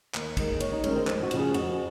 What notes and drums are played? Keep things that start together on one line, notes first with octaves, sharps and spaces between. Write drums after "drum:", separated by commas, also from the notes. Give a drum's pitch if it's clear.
D#2, drum: clap
D#3 G#3, drum: kick, cymbal
D#2 C#5, drum: cymbal
D#4
D#3 G#3 C#4, drum: cymbal
C4
F2 C4, drum: clap
F#4
C#3 F3, drum: cymbal
G#4
F2 F#4, drum: cymbal